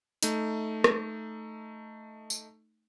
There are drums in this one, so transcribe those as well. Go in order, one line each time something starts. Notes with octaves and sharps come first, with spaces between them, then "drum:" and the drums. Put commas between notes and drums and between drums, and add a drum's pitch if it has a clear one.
A3 D#4, drum: hi-hat
drum: rim click
drum: tambourine